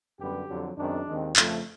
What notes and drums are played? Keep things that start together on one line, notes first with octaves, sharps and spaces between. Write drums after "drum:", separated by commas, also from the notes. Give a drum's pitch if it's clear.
F#2 D3 G3 B3 G4
F2 D3 F#3
F#2 D#3 G#3 C4 D4
D#2 D#3 G#3 C4
F2 C#3 F3 A3, drum: clap